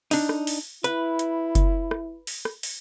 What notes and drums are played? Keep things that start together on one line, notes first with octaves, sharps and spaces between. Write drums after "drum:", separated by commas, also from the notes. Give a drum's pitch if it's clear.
D4 D#4, drum: open hi-hat
drum: rim click
drum: open hi-hat
E4 B4, drum: hi-hat
drum: hi-hat
drum: kick F#1, hi-hat
drum: rim click
drum: open hi-hat
drum: rim click
drum: open hi-hat